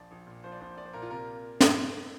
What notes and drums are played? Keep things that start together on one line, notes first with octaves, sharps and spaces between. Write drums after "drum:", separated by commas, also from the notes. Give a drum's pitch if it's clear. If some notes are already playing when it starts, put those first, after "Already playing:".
Already playing: A#1 F3 D5
A#1
A#2
F3 C5
D5
A#1 C5
A#1 D5
C5
A#2 A#4
F4
C3 A#4
drum: snare